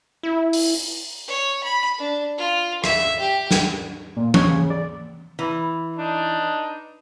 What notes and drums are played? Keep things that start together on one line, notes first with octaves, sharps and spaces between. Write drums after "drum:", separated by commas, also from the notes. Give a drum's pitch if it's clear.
E4
drum: open hi-hat
C#5
B5
D4
F4
E5, drum: rim click
G4
drum: snare
A#2
C#5, drum: tom E3
C#3
D5
E3
D4 D#4